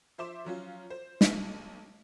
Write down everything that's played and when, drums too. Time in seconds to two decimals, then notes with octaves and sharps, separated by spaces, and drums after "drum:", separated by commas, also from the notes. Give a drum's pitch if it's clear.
0.18 F3 C5 E5 C6 D6 E7
0.45 F3 F#3 C#4 F4
0.90 C5
1.21 drum: snare
1.33 B1